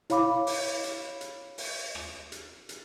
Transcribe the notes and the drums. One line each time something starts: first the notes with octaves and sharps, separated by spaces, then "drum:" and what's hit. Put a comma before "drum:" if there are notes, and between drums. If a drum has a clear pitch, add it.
E4 C#5 F5 B5 D6, drum: hi-hat
drum: open hi-hat
drum: hi-hat
drum: hi-hat
drum: open hi-hat
drum: rim click
drum: hi-hat
drum: hi-hat